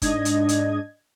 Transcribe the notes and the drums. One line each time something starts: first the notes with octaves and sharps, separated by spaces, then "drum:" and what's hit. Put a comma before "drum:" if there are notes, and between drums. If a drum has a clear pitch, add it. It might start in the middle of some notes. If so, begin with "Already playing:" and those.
G#2 D4 D#5 G#6, drum: kick F#1, hi-hat
drum: hi-hat
drum: hi-hat